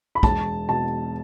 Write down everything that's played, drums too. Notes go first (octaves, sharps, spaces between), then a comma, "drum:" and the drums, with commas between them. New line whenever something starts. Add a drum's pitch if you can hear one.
B5
E1 A5, drum: kick
B2 A5